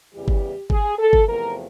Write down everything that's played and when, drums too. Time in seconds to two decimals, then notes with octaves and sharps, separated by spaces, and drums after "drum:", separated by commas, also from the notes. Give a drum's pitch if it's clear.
0.13 E2 C#3 E3 G3 G4
0.28 drum: kick G1
0.70 G#4, drum: kick G1
0.98 A4
1.13 drum: kick G1
1.27 E2 C3 F3 A3 A#4